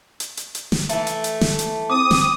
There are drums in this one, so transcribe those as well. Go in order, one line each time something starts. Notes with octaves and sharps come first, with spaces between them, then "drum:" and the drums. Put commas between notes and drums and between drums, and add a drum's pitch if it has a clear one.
drum: hi-hat
drum: hi-hat
drum: hi-hat
drum: snare
E3 A3, drum: hi-hat
drum: hi-hat
drum: hi-hat
drum: snare
drum: hi-hat
C4 D6 D#6
drum: snare